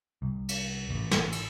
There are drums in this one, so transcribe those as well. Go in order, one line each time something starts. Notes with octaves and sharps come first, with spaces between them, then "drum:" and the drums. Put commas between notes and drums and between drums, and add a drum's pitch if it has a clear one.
C2
drum: cymbal
A1
drum: snare
drum: cymbal